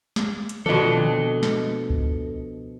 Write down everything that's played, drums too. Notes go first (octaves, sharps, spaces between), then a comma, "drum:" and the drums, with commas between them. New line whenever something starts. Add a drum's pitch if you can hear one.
drum: snare
drum: hi-hat
B2 F3 D4 A4 D#5, drum: tom D3
drum: tom D3
drum: snare
drum: kick